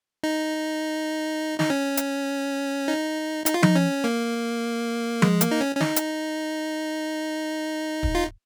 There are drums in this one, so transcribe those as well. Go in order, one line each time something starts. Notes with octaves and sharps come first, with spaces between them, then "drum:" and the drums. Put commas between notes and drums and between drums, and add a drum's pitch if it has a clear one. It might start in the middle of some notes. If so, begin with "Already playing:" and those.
D#4
D#4, drum: snare
C#4
drum: hi-hat
D#4
D#4, drum: hi-hat
F4
D#4, drum: tom F3
C#4
A#3
G#3, drum: tom F3
A#3, drum: hi-hat
D#4
C#4
C#4
D#4, drum: snare
drum: hi-hat
drum: kick
F4